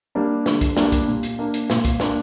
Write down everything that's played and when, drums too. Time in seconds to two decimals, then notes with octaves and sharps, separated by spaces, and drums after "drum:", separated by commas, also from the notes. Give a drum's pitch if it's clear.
0.15 G3 A#3 D4
0.46 D3, drum: snare
0.61 drum: kick, hi-hat
0.77 G3 A#3 D4, drum: snare
0.92 drum: kick, hi-hat
1.08 A#2
1.23 drum: hi-hat
1.39 A#3 D4
1.54 drum: hi-hat
1.70 A#2, drum: snare
1.85 drum: kick, hi-hat
2.00 A#3 D4, drum: snare